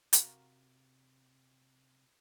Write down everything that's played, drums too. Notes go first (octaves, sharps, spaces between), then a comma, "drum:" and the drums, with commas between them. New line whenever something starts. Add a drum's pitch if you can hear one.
C3 F#4 A#4 F5, drum: hi-hat